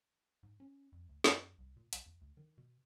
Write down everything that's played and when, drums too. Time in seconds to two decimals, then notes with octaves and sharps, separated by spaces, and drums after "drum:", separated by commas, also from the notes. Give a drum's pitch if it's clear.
0.43 G#2
0.60 C#4
0.92 F2
1.09 D2
1.24 F#2, drum: snare
1.58 C2
1.77 A#2
1.93 B1, drum: hi-hat
2.06 E2
2.21 D2
2.37 D#3
2.58 B2